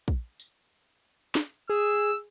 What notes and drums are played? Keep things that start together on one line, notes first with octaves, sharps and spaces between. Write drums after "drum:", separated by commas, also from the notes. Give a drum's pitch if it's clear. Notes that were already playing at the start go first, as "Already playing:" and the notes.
drum: kick
drum: tambourine
drum: snare
G#4 E6